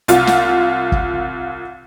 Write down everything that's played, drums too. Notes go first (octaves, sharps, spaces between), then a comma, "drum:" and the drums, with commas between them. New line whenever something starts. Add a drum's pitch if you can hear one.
C2 F4, drum: hi-hat
drum: snare
drum: kick